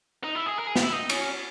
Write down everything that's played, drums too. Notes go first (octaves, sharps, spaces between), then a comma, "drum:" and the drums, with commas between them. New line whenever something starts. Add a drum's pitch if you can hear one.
D#4
E4
G#4
A#4
G#4
G4, drum: snare
E4
D#4
C#4, drum: cymbal